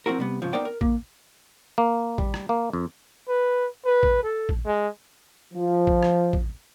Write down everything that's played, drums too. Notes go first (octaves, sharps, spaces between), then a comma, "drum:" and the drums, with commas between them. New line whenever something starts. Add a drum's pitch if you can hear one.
F3 C4 E4 F#4 A#4
C3 G3 B3
G#2 C#3 F3
B3 D#4 A#4 C5 D5 G5
A#4
A#3, drum: kick
A#3
G3, drum: kick
drum: rim click
A#3
F2
B4
B4
drum: kick
A4
drum: kick
G#3
F3
drum: kick
drum: rim click
drum: kick